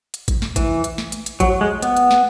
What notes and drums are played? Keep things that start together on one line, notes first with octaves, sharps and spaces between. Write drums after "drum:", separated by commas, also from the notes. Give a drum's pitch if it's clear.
drum: hi-hat
drum: kick A1, hi-hat
drum: snare
E3, drum: kick A1, hi-hat
drum: hi-hat
drum: snare
drum: hi-hat
drum: hi-hat
F#3, drum: kick A1, hi-hat
G#3
B3, drum: hi-hat
drum: hi-hat
drum: snare